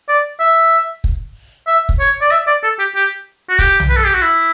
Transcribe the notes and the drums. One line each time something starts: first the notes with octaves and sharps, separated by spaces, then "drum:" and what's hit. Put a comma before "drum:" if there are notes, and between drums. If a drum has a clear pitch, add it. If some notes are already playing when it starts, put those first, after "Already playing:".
D5
E5
drum: kick
E5
drum: kick
C#5
D5
E5
D5
A4
G4
G4
F#4
G4, drum: kick
drum: tom B1
B4
A4
G4
F#4
E4